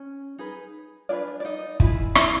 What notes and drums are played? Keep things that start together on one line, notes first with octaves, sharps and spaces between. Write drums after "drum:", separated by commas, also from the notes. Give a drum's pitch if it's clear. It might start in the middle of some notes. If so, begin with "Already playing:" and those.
Already playing: C#4
D#4 G#4 B4
D4 F4 G#4 B4 D5
D5
D#4 D#5
E4 F4 G#4 B4 E5, drum: kick
E4 E5, drum: rim click